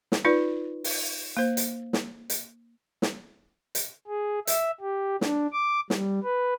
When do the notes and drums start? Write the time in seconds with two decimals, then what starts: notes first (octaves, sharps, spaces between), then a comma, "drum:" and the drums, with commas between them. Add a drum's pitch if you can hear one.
0.12 drum: snare
0.25 D#4 F4 B4 D5
0.84 drum: open hi-hat
1.37 A#3 C5
1.57 drum: hi-hat
1.93 drum: snare
2.30 drum: hi-hat
3.02 drum: snare
3.75 drum: hi-hat
4.07 G#4
4.47 E5, drum: hi-hat
4.81 G4
5.21 D4, drum: snare
5.53 D6
5.90 G3, drum: snare
6.23 B4